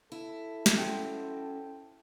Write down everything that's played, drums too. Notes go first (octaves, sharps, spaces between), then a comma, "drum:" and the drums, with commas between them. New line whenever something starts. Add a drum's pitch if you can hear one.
E4 A4
drum: snare
C#4 F#4 C5 G5